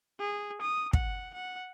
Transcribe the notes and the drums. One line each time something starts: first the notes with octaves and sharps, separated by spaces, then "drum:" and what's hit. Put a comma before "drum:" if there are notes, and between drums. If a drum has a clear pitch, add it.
G#4
D#6
F#5, drum: kick
F#5